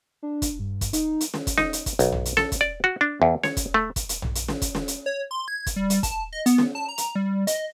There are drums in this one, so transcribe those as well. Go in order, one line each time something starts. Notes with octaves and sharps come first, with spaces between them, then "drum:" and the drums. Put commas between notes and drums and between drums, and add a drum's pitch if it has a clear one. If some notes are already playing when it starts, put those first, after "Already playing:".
D4
drum: kick, hi-hat
G2
drum: kick, hi-hat
D#4, drum: hi-hat
drum: hi-hat
drum: snare
drum: kick, hi-hat
D#4, drum: snare
drum: hi-hat
drum: kick, hi-hat
B1, drum: hi-hat
drum: tom A#1
drum: hi-hat
A4, drum: snare
drum: kick, hi-hat
D5
F#4
D4
E2
C#5, drum: snare
drum: kick, hi-hat
A3
drum: kick, hi-hat
drum: hi-hat
drum: tom A#1
drum: hi-hat
drum: snare
drum: kick, hi-hat
drum: snare
drum: hi-hat
C#5
C6
G#6
drum: kick, hi-hat
G3
G3, drum: hi-hat
A5, drum: kick, hi-hat
D#5
B3, drum: hi-hat
drum: snare
A5
A#5
drum: hi-hat
G3
D#5, drum: hi-hat